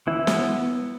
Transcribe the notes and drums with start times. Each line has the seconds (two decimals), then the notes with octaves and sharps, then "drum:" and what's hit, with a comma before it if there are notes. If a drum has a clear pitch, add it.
0.07 E3 E4
0.27 B3, drum: snare